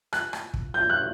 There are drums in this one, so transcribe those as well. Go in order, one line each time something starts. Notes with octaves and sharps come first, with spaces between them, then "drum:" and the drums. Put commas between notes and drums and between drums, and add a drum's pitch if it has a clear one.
F#6, drum: rim click
drum: rim click
drum: kick
G6
F#6